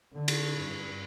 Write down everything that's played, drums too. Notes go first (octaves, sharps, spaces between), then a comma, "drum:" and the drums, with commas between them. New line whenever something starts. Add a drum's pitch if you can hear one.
D3
drum: cymbal
G2